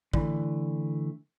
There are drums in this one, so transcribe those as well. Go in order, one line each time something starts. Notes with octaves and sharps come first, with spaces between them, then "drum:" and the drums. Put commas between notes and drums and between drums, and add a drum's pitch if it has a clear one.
D3 E3 A3, drum: kick